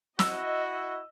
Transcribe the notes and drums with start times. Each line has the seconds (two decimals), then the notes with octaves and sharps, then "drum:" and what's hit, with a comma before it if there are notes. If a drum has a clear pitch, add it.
0.19 E4 F#4 D#5 E6, drum: snare